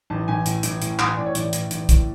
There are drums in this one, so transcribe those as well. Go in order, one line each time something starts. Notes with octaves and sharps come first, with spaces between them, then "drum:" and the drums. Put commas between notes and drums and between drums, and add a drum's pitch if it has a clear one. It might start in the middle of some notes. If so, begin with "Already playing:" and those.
A1 A5
A1 G#5
A2, drum: hi-hat
A1, drum: hi-hat
A2, drum: hi-hat
A1, drum: clap
A2 D5
C#5
A1 D5, drum: hi-hat
A2, drum: hi-hat
A1, drum: hi-hat
A2, drum: kick A#1, hi-hat